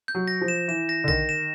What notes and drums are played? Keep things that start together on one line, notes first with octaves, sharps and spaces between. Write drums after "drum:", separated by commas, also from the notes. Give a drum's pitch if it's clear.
G6
F#3
A#6
F3
E7
E3 E7
A#6
D3
D#3 A#6, drum: kick A#1
E7